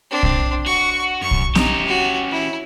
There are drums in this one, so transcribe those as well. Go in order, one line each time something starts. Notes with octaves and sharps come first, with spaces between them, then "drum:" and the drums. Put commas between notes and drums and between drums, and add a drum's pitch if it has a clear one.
C4 D4
drum: kick
F#4 C#6
F#2 C#6
drum: kick
C#4 D#4 G4, drum: snare
F#4
E4